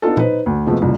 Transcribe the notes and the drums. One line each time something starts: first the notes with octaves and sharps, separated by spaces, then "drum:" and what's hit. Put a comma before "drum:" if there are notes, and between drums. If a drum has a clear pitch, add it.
B3 D4 D#4 F4 A4
D#4 B4 C5, drum: tom A#2
D2
F2 C3 F3 G#3 A3 B3
C2 F2 A#2 C#3